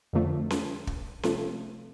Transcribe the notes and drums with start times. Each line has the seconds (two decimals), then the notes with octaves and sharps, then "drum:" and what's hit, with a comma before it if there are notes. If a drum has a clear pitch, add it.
0.13 F2 D3 F3 A3
0.50 drum: snare C#4
0.87 drum: kick
1.23 C3 F3 A3, drum: snare C#4